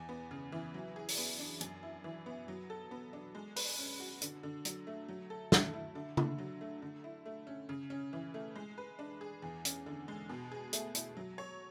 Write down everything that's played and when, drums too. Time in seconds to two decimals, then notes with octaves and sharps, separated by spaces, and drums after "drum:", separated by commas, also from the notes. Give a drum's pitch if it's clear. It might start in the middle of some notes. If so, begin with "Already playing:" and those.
Already playing: E2
0.09 B3
0.31 C#3
0.52 E3
0.74 F#3
0.96 G#4
1.08 drum: open hi-hat
1.18 B3
1.39 D4
1.61 F#2, drum: hi-hat
1.83 E4
2.04 E3
2.26 B3
2.48 F#3
2.70 A4
2.91 B3
3.13 D4
3.35 G#3
3.56 B4, drum: open hi-hat
3.78 C#4
4.00 F#4
4.22 D3, drum: hi-hat
4.43 D3
4.65 F#3, drum: hi-hat
4.87 A3
5.08 F#3
5.30 A4
5.52 A3, drum: snare
5.74 E4
5.95 D3
6.17 D3, drum: tom C#3
6.38 F#3
6.61 A3
6.82 D3
7.04 E4
7.26 A3
7.47 C#4
7.69 C#3
7.90 C#4
8.13 E3
8.34 A3
8.55 G#3
8.78 B4
8.99 D4
9.21 G#4
9.42 E2
9.65 C#4, drum: hi-hat
9.86 D3
10.08 G#3
10.29 B2
10.52 G#4
10.73 A3, drum: hi-hat
10.95 E4, drum: hi-hat
11.17 F#3
11.38 C#5